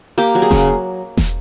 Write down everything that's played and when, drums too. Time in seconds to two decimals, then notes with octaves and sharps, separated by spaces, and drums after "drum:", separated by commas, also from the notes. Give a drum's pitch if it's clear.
0.18 A#3 G4
0.35 F#3
0.42 G#4
0.51 C#3, drum: snare E1
1.17 drum: snare E1